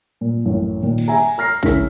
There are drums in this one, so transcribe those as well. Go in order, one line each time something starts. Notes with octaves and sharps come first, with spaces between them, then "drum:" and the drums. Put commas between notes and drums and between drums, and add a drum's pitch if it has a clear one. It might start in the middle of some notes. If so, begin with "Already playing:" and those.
A#2
A1 F#2 A2
A#2 D#3
drum: cymbal
E5 G#5 A#5
A#5 F6 A#6 C7
C#2 C#4 E4 A#4 B6, drum: kick A#1